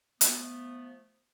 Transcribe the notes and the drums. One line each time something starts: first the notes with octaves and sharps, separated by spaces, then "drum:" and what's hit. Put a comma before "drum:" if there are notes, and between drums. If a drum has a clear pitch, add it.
F3 A3 B3, drum: hi-hat